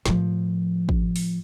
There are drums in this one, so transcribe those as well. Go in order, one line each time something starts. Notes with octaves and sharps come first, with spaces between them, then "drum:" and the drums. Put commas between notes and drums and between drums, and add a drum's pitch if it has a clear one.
A2 F3, drum: snare
drum: kick
drum: open hi-hat